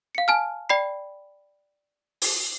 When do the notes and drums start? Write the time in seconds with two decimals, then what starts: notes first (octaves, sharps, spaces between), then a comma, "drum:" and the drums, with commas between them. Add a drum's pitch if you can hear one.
0.15 F5 C#7
0.28 G#5 A5 F6
0.69 D5 G5 B5 C7
2.22 drum: open hi-hat